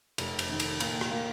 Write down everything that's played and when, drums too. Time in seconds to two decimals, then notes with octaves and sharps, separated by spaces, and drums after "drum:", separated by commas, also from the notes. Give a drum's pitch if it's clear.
0.18 F1, drum: cymbal
0.39 drum: cymbal
0.49 D#3
0.60 drum: cymbal
0.80 A#2, drum: cymbal
1.01 drum: rim click
1.11 A#3